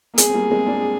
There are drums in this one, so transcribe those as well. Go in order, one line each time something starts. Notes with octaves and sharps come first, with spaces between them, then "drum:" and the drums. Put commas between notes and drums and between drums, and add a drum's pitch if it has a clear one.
A#3
G#3 C4 G#4, drum: hi-hat
C4
G3 A#3
G#3 C4
A#3 D4